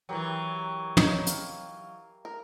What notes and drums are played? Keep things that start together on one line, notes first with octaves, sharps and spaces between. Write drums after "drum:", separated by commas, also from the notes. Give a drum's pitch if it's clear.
E3 F#3 G4 A#4
D#4 G4 C#5, drum: tom
F5, drum: hi-hat
A#4